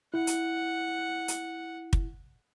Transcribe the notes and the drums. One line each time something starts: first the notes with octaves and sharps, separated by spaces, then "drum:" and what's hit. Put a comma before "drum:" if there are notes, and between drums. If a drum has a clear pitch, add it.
E4 F#5
drum: hi-hat
drum: hi-hat
drum: kick